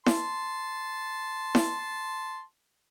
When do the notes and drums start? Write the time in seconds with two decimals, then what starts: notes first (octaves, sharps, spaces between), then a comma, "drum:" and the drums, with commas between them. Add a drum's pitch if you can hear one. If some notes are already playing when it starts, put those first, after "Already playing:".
0.06 A5 C6, drum: snare E4
1.55 drum: snare E4